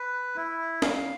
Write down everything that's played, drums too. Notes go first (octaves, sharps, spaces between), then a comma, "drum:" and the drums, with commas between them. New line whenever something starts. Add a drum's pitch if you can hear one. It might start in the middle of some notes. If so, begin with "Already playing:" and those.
Already playing: B4
E4
F5, drum: snare